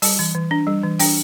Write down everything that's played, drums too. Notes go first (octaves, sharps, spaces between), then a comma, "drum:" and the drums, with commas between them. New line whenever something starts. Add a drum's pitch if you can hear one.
G3 A5, drum: open hi-hat
E3
E3
D4
G3
E3
D4 G5, drum: open hi-hat